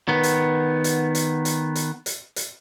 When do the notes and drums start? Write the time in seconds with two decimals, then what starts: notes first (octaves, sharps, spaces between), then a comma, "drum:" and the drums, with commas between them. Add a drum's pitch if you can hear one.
0.08 D#3 B3
0.23 drum: hi-hat
0.84 drum: hi-hat
1.15 drum: hi-hat
1.45 drum: hi-hat
1.75 drum: hi-hat
2.06 drum: hi-hat
2.36 drum: hi-hat